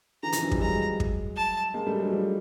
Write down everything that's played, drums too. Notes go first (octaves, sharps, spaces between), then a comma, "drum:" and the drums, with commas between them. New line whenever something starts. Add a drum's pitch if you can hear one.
D3 E3 A#5
D#3 F3, drum: hi-hat
E3 F#3
F3 G3, drum: kick
F#3 G#3 A#5
drum: kick
A5
G#3 A#3
G3 A3
F#3 G#3
F3 G3